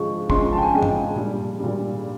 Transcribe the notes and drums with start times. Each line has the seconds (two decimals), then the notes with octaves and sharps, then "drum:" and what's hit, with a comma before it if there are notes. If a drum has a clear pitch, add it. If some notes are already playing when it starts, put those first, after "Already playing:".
Already playing: C#3 F3 G#3 C#6
0.30 C#3 F3 G#3 C6, drum: kick
0.52 A5
0.58 G5
0.62 G#5
0.73 C#3 F3 G#3 G5
0.83 drum: tom G2
1.16 A#2 G3
1.60 A#2 G3